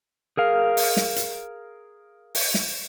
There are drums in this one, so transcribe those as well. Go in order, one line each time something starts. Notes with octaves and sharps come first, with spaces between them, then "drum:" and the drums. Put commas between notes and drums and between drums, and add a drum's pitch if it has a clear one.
G#4 A#4 F5
drum: open hi-hat
drum: snare
drum: hi-hat
drum: open hi-hat
drum: snare